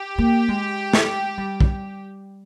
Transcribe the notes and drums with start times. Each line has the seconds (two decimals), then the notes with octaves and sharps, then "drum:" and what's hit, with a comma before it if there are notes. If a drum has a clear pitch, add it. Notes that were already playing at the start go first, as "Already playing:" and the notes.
Already playing: G4
0.18 A#3
0.48 G#3
0.93 drum: snare
1.38 G3
1.61 drum: kick